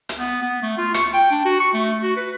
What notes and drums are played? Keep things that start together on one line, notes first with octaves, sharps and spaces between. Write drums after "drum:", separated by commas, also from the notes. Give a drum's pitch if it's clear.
drum: hi-hat
B3
B3
A3
F4
C#6, drum: hi-hat
G5
D4
F#4
C#6
A3
F#4
B4